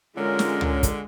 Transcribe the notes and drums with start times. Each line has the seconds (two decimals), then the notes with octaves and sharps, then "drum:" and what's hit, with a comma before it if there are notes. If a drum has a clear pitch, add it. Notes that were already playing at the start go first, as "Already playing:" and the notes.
0.17 D3 G#3 C#4 F4 A#4
0.39 drum: snare
0.61 drum: tom
0.83 drum: kick, hi-hat